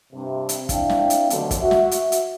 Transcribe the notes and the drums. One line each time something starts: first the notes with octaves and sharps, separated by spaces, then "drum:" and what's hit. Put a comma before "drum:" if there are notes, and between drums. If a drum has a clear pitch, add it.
G2 C3
drum: hi-hat
C4 D4 E4 F5 G5, drum: kick, hi-hat
drum: snare
drum: hi-hat
D#2 B2 D3 F#3 A3, drum: hi-hat
drum: kick, hi-hat
F#4 E5
drum: snare
drum: hi-hat
drum: hi-hat